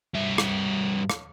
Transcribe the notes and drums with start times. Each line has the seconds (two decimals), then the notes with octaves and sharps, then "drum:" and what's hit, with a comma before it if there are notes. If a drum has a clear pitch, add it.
0.15 G2 E5
0.38 drum: rim click
1.10 drum: rim click